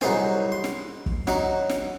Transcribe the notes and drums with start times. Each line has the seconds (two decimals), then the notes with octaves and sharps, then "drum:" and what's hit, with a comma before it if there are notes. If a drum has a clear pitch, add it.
0.01 C2 F#3 D#4 G#4 C5 G#5, drum: snare
0.52 C6
0.64 drum: snare
1.06 drum: kick
1.27 F#3 D#4, drum: snare
1.69 drum: snare